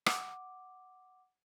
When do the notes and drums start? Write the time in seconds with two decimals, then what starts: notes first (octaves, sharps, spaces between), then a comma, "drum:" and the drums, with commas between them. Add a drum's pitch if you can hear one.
0.06 F#5 D6, drum: rim click